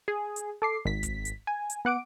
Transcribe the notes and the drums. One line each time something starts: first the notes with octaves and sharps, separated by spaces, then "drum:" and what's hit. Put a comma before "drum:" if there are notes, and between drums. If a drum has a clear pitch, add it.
G#4
drum: hi-hat
A4 D6 C7
G#1 B6
drum: kick, hi-hat
drum: hi-hat
G#5
drum: hi-hat
B3 F#5 D6 D7